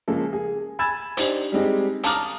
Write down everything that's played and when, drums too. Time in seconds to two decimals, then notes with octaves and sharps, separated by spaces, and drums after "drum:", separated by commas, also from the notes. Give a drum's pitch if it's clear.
0.08 C#3 F3 G#3 A#3 A4
0.33 G#4
0.79 G#5 B5 E6 G#6 A6 E7
1.17 D4 D#4 G4 C5, drum: hi-hat
1.52 G3 G#3 C4 D#4 G4
2.03 F5 A5 A#5 D6 D#6 F6, drum: hi-hat